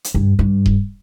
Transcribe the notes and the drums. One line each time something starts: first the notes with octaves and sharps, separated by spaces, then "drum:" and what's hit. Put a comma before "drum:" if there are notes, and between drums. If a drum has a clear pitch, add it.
drum: hi-hat
G2
G2
drum: kick D#1